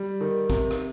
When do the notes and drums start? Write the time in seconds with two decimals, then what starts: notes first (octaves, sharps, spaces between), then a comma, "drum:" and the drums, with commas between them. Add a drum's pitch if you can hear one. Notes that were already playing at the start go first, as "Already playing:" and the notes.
Already playing: G3
0.21 D#3
0.50 C3, drum: kick, hi-hat
0.71 drum: rim click